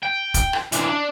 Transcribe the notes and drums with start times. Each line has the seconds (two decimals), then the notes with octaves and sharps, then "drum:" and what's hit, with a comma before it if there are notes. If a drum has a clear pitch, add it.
0.03 G5
0.34 drum: kick, hi-hat
0.53 drum: rim click
0.72 E3 D4, drum: hi-hat
0.87 D4